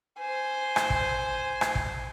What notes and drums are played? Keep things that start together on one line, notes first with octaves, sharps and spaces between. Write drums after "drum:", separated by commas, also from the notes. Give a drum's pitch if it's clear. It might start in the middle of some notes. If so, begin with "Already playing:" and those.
C5 G#5
drum: rim click
drum: kick
drum: rim click
drum: kick